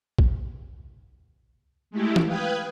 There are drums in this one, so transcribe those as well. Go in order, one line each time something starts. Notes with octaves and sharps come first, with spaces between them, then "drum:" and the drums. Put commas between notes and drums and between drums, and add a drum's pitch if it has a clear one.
drum: kick A#1
G#3 A3 E4 G4
drum: tom
B4 F5 G5 D#6 F#6 G#6